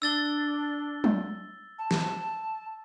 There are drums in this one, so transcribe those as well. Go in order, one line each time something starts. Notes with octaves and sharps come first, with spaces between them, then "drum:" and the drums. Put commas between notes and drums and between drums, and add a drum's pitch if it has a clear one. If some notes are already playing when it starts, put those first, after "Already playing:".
D4 E6 A6 G7
drum: tom F#3
A5
drum: snare